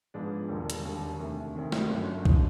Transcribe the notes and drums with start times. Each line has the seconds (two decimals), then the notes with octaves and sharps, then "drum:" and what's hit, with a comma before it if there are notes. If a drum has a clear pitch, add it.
0.14 G#2 F3 G#3 B3 D4
0.49 E1 D#2 D3 G3 A#3
0.70 drum: hi-hat
0.84 E1 D#2 D3 G3 A#3
1.19 D2 C3 D#3
1.55 D2 C3 D#3
1.72 drum: snare
1.89 G1 F#2 D3 F#3
2.25 D3 F#3, drum: kick B1